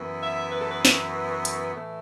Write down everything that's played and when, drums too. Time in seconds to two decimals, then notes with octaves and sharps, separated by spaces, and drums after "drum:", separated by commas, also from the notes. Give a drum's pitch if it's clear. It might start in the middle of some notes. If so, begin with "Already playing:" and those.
Already playing: F#2 E3 B3
0.22 E5
0.51 B4
0.60 A4
0.69 B4
0.85 drum: snare
1.45 drum: hi-hat
1.72 A2 E3 A3